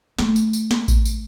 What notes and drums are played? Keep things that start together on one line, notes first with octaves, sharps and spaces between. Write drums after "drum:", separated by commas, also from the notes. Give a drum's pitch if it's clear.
A3, drum: snare
drum: tambourine
drum: tambourine
drum: snare
drum: kick A1, tambourine
drum: tambourine